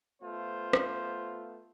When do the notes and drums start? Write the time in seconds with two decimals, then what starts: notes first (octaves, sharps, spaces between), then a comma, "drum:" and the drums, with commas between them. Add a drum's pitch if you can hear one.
0.22 A3 B3 F4 C5
0.73 drum: rim click